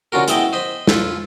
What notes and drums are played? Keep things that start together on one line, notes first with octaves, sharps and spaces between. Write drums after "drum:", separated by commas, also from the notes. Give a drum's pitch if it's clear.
D3 C#4 F4 F#4 A#4
G#3 B3 E4 D#5 E5 G5, drum: hi-hat
C5 D#5 B5
F4 A4 B4, drum: snare